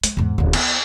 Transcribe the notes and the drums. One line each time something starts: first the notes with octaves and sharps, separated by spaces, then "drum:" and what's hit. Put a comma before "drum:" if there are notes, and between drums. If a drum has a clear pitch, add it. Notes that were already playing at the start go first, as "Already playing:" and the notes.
G#3, drum: hi-hat
E2 G#2
D1 G2
B3, drum: cymbal